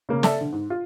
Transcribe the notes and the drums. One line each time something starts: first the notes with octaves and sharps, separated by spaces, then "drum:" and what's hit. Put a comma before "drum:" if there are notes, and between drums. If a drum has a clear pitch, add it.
C#3 A#3
A4 D5 E5 A5, drum: snare
D3
G#2
F4